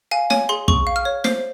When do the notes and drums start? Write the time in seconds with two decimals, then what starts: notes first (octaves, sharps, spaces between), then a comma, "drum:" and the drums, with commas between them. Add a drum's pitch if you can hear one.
0.11 F5 G#5
0.30 C#5 G#5, drum: snare
0.49 G#4 C6
0.68 G#4 C#6, drum: kick
0.87 F5
0.96 F6
1.05 C#5
1.24 C5 C7, drum: snare